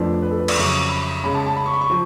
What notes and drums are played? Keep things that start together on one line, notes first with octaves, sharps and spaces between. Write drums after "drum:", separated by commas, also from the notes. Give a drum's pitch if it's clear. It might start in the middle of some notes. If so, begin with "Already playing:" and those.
Already playing: F2 F3 A3 D4 B4
B4
A4
B4
D5, drum: cymbal
F2 C#3 F#3 C#4 C#6
B5
C#3 G#3 C#4 B5
A5
A5
B5
C#6
B5
C#6
F3